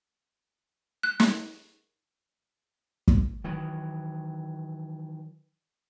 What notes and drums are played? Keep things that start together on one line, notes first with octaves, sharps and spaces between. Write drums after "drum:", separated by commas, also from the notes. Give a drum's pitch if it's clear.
F#6
drum: snare
drum: kick
D#3 E3 F#3